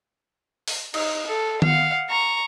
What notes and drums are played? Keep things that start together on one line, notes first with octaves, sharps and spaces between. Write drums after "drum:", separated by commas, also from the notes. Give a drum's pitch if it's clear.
drum: open hi-hat
D#4, drum: cymbal
A4
F5 F#5, drum: tom D#3
A#5 C#6